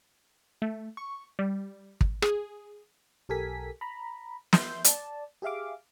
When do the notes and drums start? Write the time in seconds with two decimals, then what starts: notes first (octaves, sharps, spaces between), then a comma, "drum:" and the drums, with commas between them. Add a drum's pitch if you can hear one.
0.62 A3
0.97 C#6
1.39 G3
2.01 drum: kick
2.22 G#4, drum: rim click
3.29 B1 G4 A4 A#4 G#5 B6
3.81 A#5 B5
4.53 E5 C6 G6, drum: snare
4.84 D5 A5, drum: hi-hat
5.42 G4 G#4 E5 F5 D6